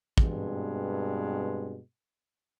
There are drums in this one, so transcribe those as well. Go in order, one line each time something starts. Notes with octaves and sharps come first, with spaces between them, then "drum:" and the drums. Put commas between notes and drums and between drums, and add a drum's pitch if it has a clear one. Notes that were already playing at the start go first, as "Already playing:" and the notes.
G2 B2 G#3 C4, drum: kick